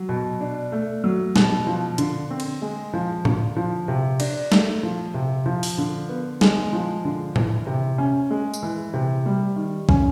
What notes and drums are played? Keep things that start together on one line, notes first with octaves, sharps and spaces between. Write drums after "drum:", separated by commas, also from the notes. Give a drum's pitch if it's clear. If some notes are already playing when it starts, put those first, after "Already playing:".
Already playing: F#3
B2
D4
A3
F#3
B2, drum: snare
F3
D3, drum: hi-hat
C4
drum: cymbal
G#3
F3
D3, drum: tom A2
F3
C3
D4, drum: cymbal
A3, drum: snare
F3
C3
F3
drum: open hi-hat
D3
B3
G#3, drum: snare
F3
D3
E3, drum: tom A2
C3
C#4
G#3
drum: tambourine
E3
C3
G3
D#3
C#4, drum: kick